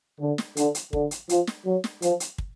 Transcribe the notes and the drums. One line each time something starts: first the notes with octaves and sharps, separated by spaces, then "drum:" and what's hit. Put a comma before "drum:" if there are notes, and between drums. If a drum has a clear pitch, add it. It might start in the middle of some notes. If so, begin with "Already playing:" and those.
D3
drum: snare
D3, drum: hi-hat
drum: hi-hat
D3, drum: kick
drum: hi-hat
F3, drum: hi-hat
drum: snare
F#3
drum: snare
F3, drum: hi-hat
drum: hi-hat
drum: kick